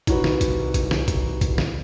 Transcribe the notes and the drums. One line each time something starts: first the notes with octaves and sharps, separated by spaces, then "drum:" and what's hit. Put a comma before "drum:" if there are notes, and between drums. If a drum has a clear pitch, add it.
C2 D#4 F#4 B4, drum: kick, hi-hat
drum: snare D3
drum: kick, hi-hat
drum: kick, hi-hat
drum: snare D3
drum: kick, hi-hat
drum: kick, hi-hat
drum: snare D3